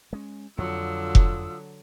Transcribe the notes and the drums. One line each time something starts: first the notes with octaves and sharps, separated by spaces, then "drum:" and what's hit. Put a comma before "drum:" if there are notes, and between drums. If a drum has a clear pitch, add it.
G#3 C#4
F2 D3 F#3 F4 D#6 E6
drum: kick F1